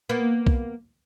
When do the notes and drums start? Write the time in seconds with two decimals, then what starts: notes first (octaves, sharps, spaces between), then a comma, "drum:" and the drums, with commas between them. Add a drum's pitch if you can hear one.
0.09 A#3 B3
0.47 drum: kick B1